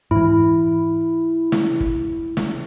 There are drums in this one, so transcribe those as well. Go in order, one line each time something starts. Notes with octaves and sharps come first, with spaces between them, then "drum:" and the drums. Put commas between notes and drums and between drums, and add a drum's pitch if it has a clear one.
G#2 E3 E4
drum: snare
drum: kick
drum: snare